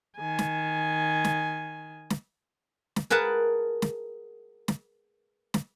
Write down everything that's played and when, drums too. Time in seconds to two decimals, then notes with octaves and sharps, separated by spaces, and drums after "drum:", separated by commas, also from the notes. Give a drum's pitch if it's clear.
0.17 D#3 G#5
0.39 drum: snare
1.24 drum: snare
2.10 drum: snare
2.96 drum: snare
3.10 G#4 A#4 B4 F#5 A5
3.82 drum: snare
4.68 drum: snare
5.54 drum: snare